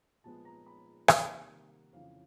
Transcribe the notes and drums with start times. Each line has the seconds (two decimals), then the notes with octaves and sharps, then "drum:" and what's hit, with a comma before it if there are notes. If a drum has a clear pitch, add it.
0.24 A#2 F3 G#3 B3 A5
0.45 A#5
0.66 B5
1.08 C3 D#3 G3 A#3 F#5, drum: rim click
1.93 F2 C#3 E3 F5